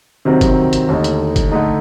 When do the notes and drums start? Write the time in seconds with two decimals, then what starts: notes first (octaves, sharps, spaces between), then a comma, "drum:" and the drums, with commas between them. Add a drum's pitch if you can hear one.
0.25 C3 D#3 F#3 C4
0.41 drum: kick F#1, hi-hat
0.73 drum: hi-hat
0.89 D#2 D3 A3 D#4
1.04 drum: hi-hat
1.36 drum: kick F#1, hi-hat
1.52 D3 A3 D#4